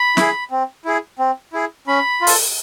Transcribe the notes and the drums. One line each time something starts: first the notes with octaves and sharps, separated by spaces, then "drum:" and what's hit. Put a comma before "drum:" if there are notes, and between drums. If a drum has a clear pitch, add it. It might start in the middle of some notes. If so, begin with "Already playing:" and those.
Already playing: B5
E4 G#4, drum: snare
C4
E4 G#4
C4
E4 G#4
C#4 B5
F4
A4, drum: open hi-hat